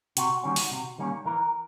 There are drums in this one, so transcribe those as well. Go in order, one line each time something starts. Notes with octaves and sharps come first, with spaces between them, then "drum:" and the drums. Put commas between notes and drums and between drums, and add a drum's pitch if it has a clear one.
C3 F#4, drum: hi-hat
D#3 G3 A#3 C#4
drum: open hi-hat
C3
D#3 G3 A#3 C#4
E3 A#4